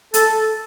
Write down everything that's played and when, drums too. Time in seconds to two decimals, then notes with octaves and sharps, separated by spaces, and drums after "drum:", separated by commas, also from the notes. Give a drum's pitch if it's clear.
0.14 A4, drum: hi-hat